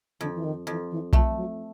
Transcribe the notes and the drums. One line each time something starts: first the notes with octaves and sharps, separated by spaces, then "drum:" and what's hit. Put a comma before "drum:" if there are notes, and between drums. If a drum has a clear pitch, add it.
F2 D3
E3
D#3
F2 E3
E3
F3 A3, drum: kick B1
F3
F#3